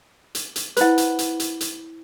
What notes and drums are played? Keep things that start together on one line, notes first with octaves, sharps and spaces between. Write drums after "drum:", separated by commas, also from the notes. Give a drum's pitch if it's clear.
drum: hi-hat
drum: hi-hat
E4 B4 C5 F#5, drum: hi-hat
drum: hi-hat
drum: hi-hat
drum: hi-hat
drum: hi-hat